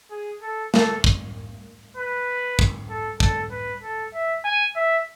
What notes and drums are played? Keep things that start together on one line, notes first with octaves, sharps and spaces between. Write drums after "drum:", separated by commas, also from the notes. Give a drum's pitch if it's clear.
G#4
A4
A4, drum: snare
drum: kick
B4
drum: kick
A4
A4, drum: kick
B4
A4
E5
G#5
E5